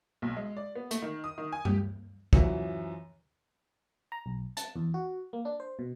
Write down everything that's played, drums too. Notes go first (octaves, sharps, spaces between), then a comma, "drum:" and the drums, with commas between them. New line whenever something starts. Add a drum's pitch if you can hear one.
B1
G#3
D5
B3
A3, drum: hi-hat
D#3
D#6
D#3
G#5
G4, drum: tom G2
F#2 E3 F3 F#4 E5, drum: kick
A#5
B1
A5, drum: hi-hat
E2
F#4
A#3
D4
C5
B2